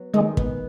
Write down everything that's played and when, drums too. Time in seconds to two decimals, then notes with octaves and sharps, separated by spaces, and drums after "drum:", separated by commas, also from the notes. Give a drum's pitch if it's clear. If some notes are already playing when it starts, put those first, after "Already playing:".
Already playing: F#3 B3
0.14 D#3 G#3
0.37 B3, drum: kick